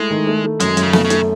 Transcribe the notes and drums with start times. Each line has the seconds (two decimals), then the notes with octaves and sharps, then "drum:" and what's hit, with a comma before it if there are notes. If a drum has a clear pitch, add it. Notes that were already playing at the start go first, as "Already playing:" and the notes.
Already playing: G#3 A3 E4
0.10 D#3
0.27 A3
0.44 A3
0.60 F#2 G#3, drum: hi-hat
0.77 F#2, drum: hi-hat
0.83 C#3
0.93 A3, drum: snare
1.05 C#3
1.10 A3, drum: hi-hat